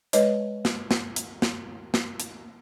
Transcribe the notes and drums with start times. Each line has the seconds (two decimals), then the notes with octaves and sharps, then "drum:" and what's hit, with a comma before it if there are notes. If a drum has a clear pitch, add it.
0.13 G#3 B4 C#5 D#5, drum: hi-hat
0.65 drum: snare
0.91 drum: snare
1.16 drum: hi-hat
1.42 drum: snare
1.94 drum: snare
2.20 drum: hi-hat